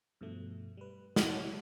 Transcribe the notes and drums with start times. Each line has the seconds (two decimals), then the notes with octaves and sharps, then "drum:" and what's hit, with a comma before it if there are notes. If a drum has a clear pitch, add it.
0.21 G2 B2 F3 A3
0.77 G3 B4
1.16 drum: snare
1.28 G#3 E4 A4 C#5 F#5